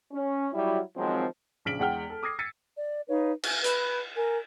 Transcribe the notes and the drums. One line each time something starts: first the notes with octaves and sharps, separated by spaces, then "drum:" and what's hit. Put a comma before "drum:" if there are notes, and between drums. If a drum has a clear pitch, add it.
C#4
F#3 G3 E4
D#3 F3 F#3 G#3 C4
A#1 C#3 F6 B6 D7 F#7
E2 G#3 F#5 G5 F6 G7
A4
D6 D#6 G#6 A#6 C7
E6 G#6 A6 B6 C#7 D#7
D5
D#4 B4 C#5 F5
G#5, drum: cymbal
B4 B5 F#6, drum: hi-hat
A#4 G#5